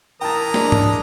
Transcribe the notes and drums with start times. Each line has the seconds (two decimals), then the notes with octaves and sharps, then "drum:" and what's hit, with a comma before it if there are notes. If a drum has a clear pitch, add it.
0.21 E3 A#4 G5 A5 A#5 D#6
0.54 G#3 D4, drum: snare
0.72 drum: tom G#2